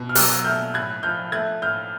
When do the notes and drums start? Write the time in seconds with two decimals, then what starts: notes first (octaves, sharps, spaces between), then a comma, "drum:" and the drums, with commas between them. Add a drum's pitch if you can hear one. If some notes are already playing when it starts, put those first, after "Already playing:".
Already playing: B2
0.09 F6
0.15 F#3 E6 F#6, drum: open hi-hat
0.44 A3 F6 G6
0.74 A2 F#6 G#6
1.03 F3 F6 G6
1.32 A3 F#6 G#6
1.62 A2 F6 G6